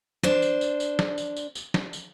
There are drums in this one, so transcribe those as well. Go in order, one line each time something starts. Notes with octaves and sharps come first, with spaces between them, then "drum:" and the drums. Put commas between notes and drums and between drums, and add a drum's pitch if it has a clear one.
D4 C5, drum: snare
drum: tambourine
drum: tambourine
drum: tambourine
drum: snare
drum: tambourine
drum: tambourine
drum: tambourine
drum: snare
drum: tambourine